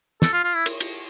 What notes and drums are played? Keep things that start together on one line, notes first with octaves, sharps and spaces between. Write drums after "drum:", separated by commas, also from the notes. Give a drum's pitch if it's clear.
A4, drum: snare
F4
F4
E4
drum: cymbal
drum: cymbal